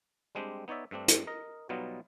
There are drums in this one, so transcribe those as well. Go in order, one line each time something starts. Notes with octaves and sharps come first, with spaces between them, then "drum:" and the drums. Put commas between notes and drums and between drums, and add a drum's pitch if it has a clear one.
G3 G#3 C4 D4 G4
B3 D#4 C#5 D5 E5
G2 A3 C4 D4
drum: hi-hat
A#4 D#5
B2 F#3 G3 B3 D#4 F4